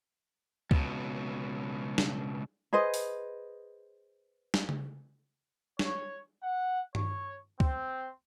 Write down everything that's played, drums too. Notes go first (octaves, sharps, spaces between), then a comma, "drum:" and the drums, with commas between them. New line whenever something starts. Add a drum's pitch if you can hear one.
C#2 B2, drum: kick C#2
drum: snare
G#4 B4 C5 D#5
drum: open hi-hat
drum: snare
drum: tom C#3
C#5, drum: snare
F#5
C#5, drum: tom G2
C4, drum: kick C#2